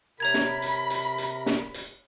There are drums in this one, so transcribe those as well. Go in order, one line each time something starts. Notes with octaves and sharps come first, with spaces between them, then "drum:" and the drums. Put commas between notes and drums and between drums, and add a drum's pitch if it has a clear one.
C3 A#4 C#5 A#5 B5 G#6
drum: snare
drum: hi-hat
drum: hi-hat
drum: hi-hat
drum: snare
drum: hi-hat